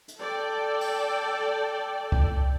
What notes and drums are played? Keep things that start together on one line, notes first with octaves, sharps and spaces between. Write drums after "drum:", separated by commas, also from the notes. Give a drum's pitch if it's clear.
drum: hi-hat
A4 D5 G5
drum: open hi-hat
drum: kick C2